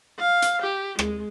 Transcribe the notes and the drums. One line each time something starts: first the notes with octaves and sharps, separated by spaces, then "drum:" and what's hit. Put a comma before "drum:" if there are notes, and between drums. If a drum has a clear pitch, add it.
F5
drum: hi-hat
G4
G#3, drum: rim click